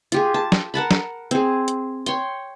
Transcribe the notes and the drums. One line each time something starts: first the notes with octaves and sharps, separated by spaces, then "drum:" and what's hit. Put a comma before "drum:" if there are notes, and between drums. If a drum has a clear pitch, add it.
F4 G4 G#4, drum: hi-hat
A5
drum: snare
A#4 F#5 A5 B5
drum: snare
C4 G#4, drum: hi-hat
drum: hi-hat
C#5 G5 C6, drum: hi-hat